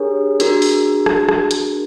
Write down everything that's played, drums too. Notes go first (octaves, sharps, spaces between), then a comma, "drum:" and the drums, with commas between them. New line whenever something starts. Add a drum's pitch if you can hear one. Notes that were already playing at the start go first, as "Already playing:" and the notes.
Already playing: D4 G4 G#4 A#4 C#5
D4 F#4 A#4, drum: hi-hat
drum: open hi-hat
drum: rim click
drum: rim click
drum: hi-hat